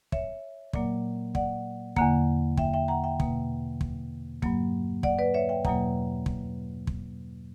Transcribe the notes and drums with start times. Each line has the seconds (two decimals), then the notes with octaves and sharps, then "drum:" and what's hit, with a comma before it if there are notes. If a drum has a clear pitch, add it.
0.12 C#5 E5, drum: kick
0.73 A#2 F#3 A#3 D5 F#5, drum: kick
1.35 D5 F#5, drum: kick
1.96 E2 D3 A#3 F#5 A#5, drum: kick
2.57 E5 G5, drum: kick
2.74 E5 G5
2.88 F#5 A#5
3.04 E5 G5
3.20 B2 A#3, drum: kick
3.81 drum: kick
4.42 G2 F#3 A#3, drum: kick
5.03 D5 F#5, drum: kick
5.19 B4 D5
5.34 C#5 E5
5.49 E5 G5
5.65 E2 B2 F#3 A#3 F#5 A#5, drum: kick
6.26 drum: kick
6.87 drum: kick